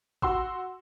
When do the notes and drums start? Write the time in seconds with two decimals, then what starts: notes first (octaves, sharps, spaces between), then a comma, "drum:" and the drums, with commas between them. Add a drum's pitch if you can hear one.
0.22 F#4 C6 E6, drum: kick